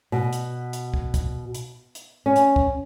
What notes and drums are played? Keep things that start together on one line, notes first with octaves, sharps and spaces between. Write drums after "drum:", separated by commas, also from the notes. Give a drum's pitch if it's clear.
B2
drum: hi-hat
drum: hi-hat
drum: kick
drum: kick, hi-hat
drum: hi-hat
drum: hi-hat
C#4
drum: hi-hat
drum: kick